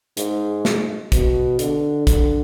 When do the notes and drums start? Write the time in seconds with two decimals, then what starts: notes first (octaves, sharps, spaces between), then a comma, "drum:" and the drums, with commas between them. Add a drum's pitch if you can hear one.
0.17 G#2, drum: hi-hat
0.65 drum: snare
1.12 B2, drum: kick, hi-hat
1.59 D3, drum: hi-hat
2.07 D3, drum: kick, hi-hat